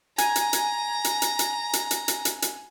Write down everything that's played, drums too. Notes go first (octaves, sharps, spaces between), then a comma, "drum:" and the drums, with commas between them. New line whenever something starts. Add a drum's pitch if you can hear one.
G#5 A#5, drum: hi-hat
drum: hi-hat
drum: hi-hat
drum: hi-hat
drum: hi-hat
drum: hi-hat
drum: hi-hat
drum: hi-hat
drum: hi-hat
drum: hi-hat
drum: hi-hat